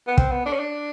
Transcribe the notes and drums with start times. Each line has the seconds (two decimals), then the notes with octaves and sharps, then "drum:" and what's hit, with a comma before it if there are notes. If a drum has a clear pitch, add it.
0.07 B3
0.18 C4, drum: kick
0.31 B3
0.46 D4
0.53 C#4
0.59 D4